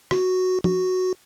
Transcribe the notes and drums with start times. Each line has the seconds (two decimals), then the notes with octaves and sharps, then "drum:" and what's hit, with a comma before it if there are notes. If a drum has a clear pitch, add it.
0.11 F#4, drum: rim click
0.64 F#4, drum: tom